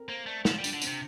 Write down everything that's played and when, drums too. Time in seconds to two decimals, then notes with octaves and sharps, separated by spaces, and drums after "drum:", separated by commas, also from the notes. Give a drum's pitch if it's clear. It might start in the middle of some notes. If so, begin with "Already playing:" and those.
Already playing: C4 A4 A#4
0.09 A#3 C5
0.26 A3 D5
0.45 F3 F4, drum: snare
0.59 G3
0.64 D4, drum: tambourine
0.73 D3
0.82 C4, drum: tambourine
0.87 C3